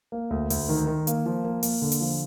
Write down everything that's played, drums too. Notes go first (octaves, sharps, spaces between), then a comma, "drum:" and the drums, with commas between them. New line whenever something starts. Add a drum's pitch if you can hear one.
A#3
D2
D2, drum: open hi-hat
D#3
D#3
A#3, drum: hi-hat
F3
A#3
A#3, drum: open hi-hat
D3
drum: open hi-hat
F3